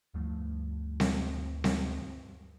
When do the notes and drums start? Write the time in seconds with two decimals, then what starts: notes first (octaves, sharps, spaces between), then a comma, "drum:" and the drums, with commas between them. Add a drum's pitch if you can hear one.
0.14 D2 G2 F3 A3
1.00 drum: snare C4
1.64 drum: snare C4